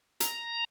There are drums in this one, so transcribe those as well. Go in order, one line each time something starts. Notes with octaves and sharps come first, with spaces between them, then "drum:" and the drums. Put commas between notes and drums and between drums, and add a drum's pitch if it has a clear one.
A#5, drum: hi-hat